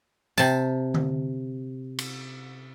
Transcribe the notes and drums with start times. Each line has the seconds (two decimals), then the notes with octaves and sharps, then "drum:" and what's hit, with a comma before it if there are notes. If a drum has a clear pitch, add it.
0.38 C3 A5, drum: tambourine
0.94 drum: tom D3
1.98 drum: cymbal